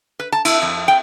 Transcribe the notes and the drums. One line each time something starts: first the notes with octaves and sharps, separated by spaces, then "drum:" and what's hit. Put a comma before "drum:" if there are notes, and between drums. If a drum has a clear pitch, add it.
B4
A5
E4, drum: cymbal
F2
G5